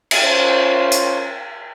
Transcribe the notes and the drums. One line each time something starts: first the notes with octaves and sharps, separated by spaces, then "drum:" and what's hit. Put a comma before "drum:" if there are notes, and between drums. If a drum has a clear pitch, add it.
drum: cymbal
C#4 F4 A#4 C5
drum: hi-hat